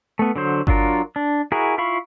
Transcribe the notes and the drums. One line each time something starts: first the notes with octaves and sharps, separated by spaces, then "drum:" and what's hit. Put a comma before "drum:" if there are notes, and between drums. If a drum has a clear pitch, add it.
A3 B3
D3 F#3 C5
F#3 D4 F4 A#4, drum: kick G1
D4
E4 F#4 G#4 A#4
E4 F4 F5 B5 C#6